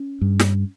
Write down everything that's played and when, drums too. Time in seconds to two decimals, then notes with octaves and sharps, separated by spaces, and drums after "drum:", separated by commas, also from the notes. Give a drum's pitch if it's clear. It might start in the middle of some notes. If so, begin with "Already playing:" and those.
Already playing: C#4
0.21 G2
0.39 drum: snare